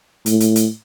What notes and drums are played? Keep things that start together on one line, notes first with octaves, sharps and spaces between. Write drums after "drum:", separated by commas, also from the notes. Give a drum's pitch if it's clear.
A2, drum: hi-hat
drum: hi-hat
drum: hi-hat